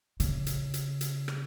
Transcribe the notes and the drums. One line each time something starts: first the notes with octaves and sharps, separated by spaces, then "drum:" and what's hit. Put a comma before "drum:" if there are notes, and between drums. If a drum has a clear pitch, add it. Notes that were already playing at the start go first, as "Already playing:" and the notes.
C#3, drum: hi-hat
drum: hi-hat
drum: hi-hat
drum: hi-hat
drum: rim click